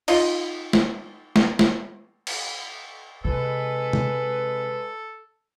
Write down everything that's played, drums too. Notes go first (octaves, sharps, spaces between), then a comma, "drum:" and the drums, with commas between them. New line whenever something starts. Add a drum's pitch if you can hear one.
D#4 F4 D#5, drum: cymbal
drum: snare
drum: snare
drum: snare
drum: cymbal
C3 G#3 A4 B4
drum: tom